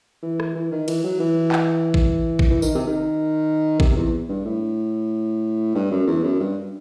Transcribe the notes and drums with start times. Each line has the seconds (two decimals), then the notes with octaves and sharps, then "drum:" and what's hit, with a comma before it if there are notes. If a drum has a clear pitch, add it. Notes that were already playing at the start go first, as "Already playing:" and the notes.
0.23 E3
0.40 drum: rim click
0.55 E3
0.72 D#3
0.88 E3, drum: cymbal
1.04 F#3
1.20 E3
1.52 drum: clap
1.94 drum: kick A1
2.39 drum: kick A1
2.50 E3
2.62 D#3, drum: tambourine
2.75 C3
2.87 D#3
3.80 C3, drum: kick A1
3.96 E2
4.29 G2
4.45 A2
5.75 G2
5.91 F#2
6.07 E2
6.23 F#2
6.40 G2